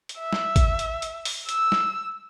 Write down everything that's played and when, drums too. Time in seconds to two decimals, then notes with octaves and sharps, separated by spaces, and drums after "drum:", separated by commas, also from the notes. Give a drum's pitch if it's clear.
0.09 drum: hi-hat
0.19 E5
0.33 drum: snare
0.56 drum: kick, hi-hat
0.79 drum: hi-hat
1.02 drum: hi-hat
1.25 drum: open hi-hat
1.49 E6, drum: hi-hat
1.72 drum: snare